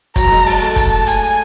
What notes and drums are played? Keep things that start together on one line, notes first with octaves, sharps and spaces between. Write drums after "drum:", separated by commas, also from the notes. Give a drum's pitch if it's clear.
F#3 A#5, drum: kick, hi-hat
G#3
A5, drum: open hi-hat
A3
A5, drum: kick, hi-hat
G#5, drum: hi-hat